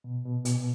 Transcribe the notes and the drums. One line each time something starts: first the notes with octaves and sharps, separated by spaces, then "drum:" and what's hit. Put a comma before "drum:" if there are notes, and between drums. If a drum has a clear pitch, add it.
B2
B2
B2, drum: hi-hat